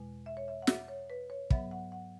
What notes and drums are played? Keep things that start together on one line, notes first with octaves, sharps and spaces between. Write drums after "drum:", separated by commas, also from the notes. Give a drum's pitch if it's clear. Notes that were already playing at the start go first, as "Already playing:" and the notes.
Already playing: E2 B2 G#3
E5
C#5
E5
F#5
E5, drum: snare
C#5
B4
C#5
G#2 F#3 B3 E5, drum: kick
F#5
F#5